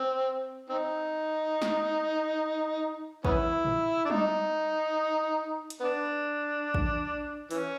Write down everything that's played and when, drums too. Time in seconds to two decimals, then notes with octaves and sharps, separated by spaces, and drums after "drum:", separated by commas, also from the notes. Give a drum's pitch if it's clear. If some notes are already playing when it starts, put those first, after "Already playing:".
Already playing: C4
0.69 C4 D#4
1.62 drum: snare
3.25 B3 C#4 E4, drum: kick
3.65 drum: tom A2
4.05 D4
4.10 D#4, drum: tom G3
5.70 drum: hi-hat
5.80 B3 D4
6.74 drum: kick
7.51 E3 C#4, drum: open hi-hat